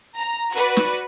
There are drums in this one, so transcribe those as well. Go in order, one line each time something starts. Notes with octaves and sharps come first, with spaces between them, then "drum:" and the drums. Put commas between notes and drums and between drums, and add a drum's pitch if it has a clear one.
A#5
F#4 B4 D5, drum: hi-hat
drum: snare